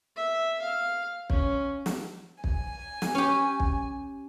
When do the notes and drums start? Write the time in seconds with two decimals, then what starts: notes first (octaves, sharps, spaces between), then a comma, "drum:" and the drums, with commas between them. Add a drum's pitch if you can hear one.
0.17 E5
0.61 F5
1.30 C#4, drum: kick
1.86 drum: snare
2.44 G#5, drum: kick
3.02 drum: snare
3.15 C#4 G4
3.60 drum: kick